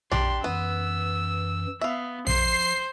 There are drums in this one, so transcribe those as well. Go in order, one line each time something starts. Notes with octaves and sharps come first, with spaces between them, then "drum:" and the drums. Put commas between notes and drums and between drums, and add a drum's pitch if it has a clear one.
D4 G4 C6, drum: tom A#1
F#2 E3 B3 E6
B3 E5 F5
F3 C5 C7, drum: tom A#1